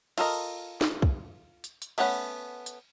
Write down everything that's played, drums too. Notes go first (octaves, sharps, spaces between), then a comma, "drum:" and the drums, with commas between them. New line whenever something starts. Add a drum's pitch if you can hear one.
F4 A4 A#4 D#5, drum: cymbal
drum: snare
drum: kick
drum: hi-hat
drum: hi-hat
A3 B3 C#4 F#5 B5, drum: cymbal
drum: hi-hat